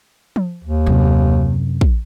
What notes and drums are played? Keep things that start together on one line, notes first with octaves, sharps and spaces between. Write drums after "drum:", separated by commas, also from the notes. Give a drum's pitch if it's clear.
drum: tom F3
D#2
F#2 C3
drum: kick